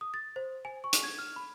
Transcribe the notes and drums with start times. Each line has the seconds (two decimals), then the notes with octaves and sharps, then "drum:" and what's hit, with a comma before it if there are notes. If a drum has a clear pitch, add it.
0.01 D#6
0.14 A6
0.36 C5
0.65 G#5
0.84 C#6
0.93 drum: hi-hat
1.04 G#6
1.19 F6
1.36 B5